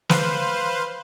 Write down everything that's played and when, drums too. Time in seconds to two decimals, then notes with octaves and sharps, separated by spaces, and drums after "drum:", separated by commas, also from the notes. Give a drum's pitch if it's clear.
0.09 B4 C5 F5, drum: snare